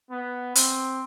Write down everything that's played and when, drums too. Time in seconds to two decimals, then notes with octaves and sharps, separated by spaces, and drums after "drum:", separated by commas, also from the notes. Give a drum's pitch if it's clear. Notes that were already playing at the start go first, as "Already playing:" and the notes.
0.11 B3
0.55 C4, drum: hi-hat